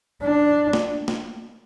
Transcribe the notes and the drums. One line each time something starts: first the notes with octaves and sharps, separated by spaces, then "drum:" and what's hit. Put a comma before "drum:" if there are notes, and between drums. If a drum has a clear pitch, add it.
D4
drum: snare
drum: snare